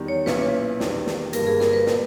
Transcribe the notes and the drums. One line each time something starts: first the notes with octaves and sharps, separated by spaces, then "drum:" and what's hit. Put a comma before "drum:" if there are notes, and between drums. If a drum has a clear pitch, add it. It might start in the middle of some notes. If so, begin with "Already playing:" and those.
Already playing: E2 D#3 G3
C#5
B1 A#2 A#3 C#4 E4 B4, drum: snare
C#5
B4
E1 D#2 D#3 G3, drum: snare
drum: snare
G1 G2 G3 A#3 A#4, drum: hi-hat
G#4
A#4, drum: snare
B4
A#2 G3, drum: snare